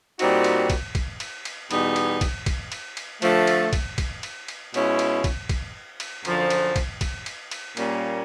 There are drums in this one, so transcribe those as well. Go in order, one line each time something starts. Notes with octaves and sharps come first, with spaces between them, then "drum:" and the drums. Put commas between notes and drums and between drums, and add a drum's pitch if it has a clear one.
A#2 G3 C4 D#4 F#4, drum: cymbal
drum: cymbal
drum: kick, cymbal
drum: kick, cymbal
drum: cymbal
drum: cymbal
E2 B2 G3 B3 D#4, drum: cymbal
drum: cymbal
drum: kick, cymbal
drum: kick, cymbal
drum: cymbal
drum: cymbal
D3 F3 A3, drum: cymbal
drum: cymbal
drum: kick, cymbal
drum: kick, cymbal
drum: cymbal
drum: cymbal
B2 G#3 C#4 E4, drum: cymbal
drum: cymbal
drum: kick, cymbal
drum: kick, cymbal
drum: cymbal
F#2 D3 F3, drum: cymbal
drum: cymbal
drum: kick, cymbal
drum: kick, cymbal
drum: cymbal
drum: cymbal
A#2 G3 A#3 C#4, drum: cymbal